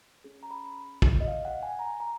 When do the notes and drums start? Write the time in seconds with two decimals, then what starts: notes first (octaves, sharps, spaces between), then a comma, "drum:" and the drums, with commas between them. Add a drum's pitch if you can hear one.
0.24 C#4 G#4
0.43 A#5
0.51 B5
1.02 drum: kick
1.21 D#5
1.28 F5
1.45 F#5
1.63 G#5
1.79 A#5
2.00 A#5